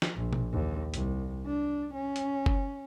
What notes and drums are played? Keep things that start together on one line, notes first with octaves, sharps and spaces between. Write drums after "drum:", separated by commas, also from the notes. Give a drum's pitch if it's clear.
drum: snare
A#1
drum: tom
D#2
C2, drum: hi-hat
D4
C#4
drum: hi-hat
drum: kick F#1